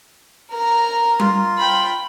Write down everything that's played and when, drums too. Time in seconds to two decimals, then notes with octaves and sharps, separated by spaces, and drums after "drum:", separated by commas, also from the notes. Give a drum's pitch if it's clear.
0.52 A#4 A#5
1.20 F4, drum: tom G3
1.59 G5 B5